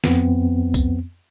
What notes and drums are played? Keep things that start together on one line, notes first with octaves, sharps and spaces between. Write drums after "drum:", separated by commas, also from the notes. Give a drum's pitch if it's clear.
F2 B3 C4, drum: snare
drum: kick C2, tambourine